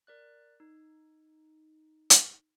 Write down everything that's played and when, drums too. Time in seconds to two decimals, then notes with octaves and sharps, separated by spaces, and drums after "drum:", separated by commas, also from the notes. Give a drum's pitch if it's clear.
0.07 A#4 D5 F#6
0.60 D#4
2.10 drum: hi-hat